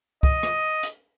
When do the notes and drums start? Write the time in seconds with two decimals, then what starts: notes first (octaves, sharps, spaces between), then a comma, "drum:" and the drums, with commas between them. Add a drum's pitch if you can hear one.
0.23 D#5, drum: kick
0.43 drum: rim click
0.83 drum: hi-hat